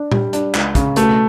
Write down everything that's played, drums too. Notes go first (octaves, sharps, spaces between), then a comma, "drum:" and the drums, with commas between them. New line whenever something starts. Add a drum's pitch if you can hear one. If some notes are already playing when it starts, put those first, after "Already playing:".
Already playing: D4
G3, drum: tom A#2
D4, drum: hi-hat
C#2, drum: clap
C#3, drum: kick, hi-hat
B2 A3, drum: hi-hat